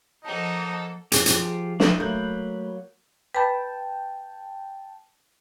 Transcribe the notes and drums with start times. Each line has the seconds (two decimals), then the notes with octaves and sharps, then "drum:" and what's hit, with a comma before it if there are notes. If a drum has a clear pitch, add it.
0.25 F3 A#3 D#4 A4 D#5 F#5 A5
1.12 F3 F4 G4 G#4, drum: hi-hat
1.26 drum: hi-hat
1.80 D4 E4 D#5, drum: snare
2.00 F#3 A3 A#3 B5 F#6 G6
3.35 B4 G5 A5 B5